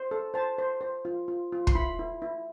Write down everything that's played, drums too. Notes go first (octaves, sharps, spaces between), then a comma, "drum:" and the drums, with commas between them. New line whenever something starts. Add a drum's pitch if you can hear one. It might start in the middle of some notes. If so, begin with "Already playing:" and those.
Already playing: C5
A4
C5 A5
C5
C5
F4
F4
F4
C6, drum: kick
E4 B5
E4
E4